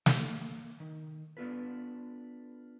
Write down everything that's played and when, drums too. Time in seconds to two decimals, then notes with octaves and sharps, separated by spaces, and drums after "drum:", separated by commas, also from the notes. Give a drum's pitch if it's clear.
0.06 A#3, drum: snare
0.80 D#3
1.37 B3 D4 F4 A4 B4